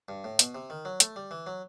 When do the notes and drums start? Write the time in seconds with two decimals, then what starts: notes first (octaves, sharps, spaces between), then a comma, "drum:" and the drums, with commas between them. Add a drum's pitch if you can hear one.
0.09 G2
0.24 A2
0.39 B2, drum: hi-hat
0.55 C3
0.70 D#3
0.85 F#3
1.00 A3, drum: hi-hat
1.16 G3
1.31 E3
1.47 F#3